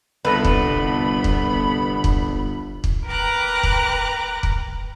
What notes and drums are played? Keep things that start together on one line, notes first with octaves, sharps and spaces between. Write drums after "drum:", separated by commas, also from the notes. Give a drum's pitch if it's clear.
G1 C2 B3 A4 B4 B5 A#6
drum: kick
drum: kick
drum: kick
drum: kick
A#4 B4 G5 A#5 D6 F#6
drum: kick
drum: kick